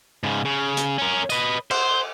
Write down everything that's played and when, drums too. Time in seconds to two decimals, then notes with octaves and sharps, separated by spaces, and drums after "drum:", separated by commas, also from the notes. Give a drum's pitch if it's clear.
0.23 G#2 C#3
0.45 C#3
0.77 drum: hi-hat
0.98 C#4 A#4
1.30 B4 D#5, drum: tambourine
1.71 C5, drum: cymbal